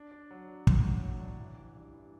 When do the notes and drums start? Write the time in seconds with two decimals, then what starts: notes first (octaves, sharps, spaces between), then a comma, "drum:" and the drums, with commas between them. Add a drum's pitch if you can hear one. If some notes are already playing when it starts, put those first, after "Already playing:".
Already playing: D4
0.12 D4
0.31 F#3
0.48 D4
0.67 A2, drum: kick
0.85 F#3
1.03 F#3
1.21 D4
1.40 E3
1.58 A1
1.76 G2
1.94 E3